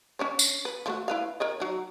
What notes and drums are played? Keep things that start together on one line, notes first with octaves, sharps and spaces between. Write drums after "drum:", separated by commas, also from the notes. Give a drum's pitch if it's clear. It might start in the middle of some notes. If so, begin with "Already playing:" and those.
C#4 D4 C#5
drum: tambourine
B4
F3 A3 F#4
E4 B4 F5
A#4 C#5 D#5
F#3 D#4